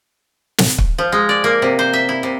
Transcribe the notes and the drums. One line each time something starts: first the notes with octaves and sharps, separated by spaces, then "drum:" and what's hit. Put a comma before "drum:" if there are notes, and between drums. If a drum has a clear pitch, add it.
drum: snare
drum: kick
F3
G#3
D5
A#3
C3
C5
E5
E4
C3